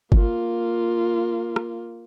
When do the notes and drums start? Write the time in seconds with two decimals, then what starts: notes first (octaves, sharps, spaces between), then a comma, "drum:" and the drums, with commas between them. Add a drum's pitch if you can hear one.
0.12 A#3 F4, drum: kick G1
1.56 drum: rim click